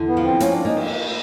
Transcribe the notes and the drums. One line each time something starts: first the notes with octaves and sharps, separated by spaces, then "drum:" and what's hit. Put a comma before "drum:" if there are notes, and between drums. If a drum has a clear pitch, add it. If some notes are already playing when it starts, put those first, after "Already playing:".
Already playing: E2 D3
B3
F3
C4
A#3 C#4, drum: hi-hat
D4
A#3 D#4
drum: cymbal